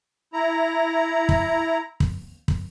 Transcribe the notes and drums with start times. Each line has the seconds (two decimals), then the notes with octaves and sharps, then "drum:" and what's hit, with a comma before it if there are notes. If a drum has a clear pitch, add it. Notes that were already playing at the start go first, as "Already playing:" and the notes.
0.33 E4 A#5
1.29 drum: kick
2.00 drum: kick
2.48 drum: kick